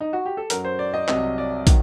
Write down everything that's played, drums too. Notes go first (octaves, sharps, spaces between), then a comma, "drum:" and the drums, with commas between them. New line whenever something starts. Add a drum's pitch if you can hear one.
D#4
F#4
G4
A4
F#2 F#3 A#4, drum: hi-hat
C5
D5
D#5
C2 C3 F#3 D#5, drum: clap
D5
D#3 F#3, drum: kick, hi-hat